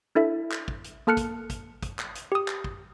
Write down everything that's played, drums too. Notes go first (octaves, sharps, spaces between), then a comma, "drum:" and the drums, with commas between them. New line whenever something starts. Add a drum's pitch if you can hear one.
D4 E4 A4 E5
drum: clap
drum: kick
drum: hi-hat
A#3 A4 A5 F6 F#6 C#7
drum: kick, hi-hat
drum: kick, hi-hat
drum: kick, hi-hat
drum: clap
drum: hi-hat
G4 D#6
drum: clap
drum: kick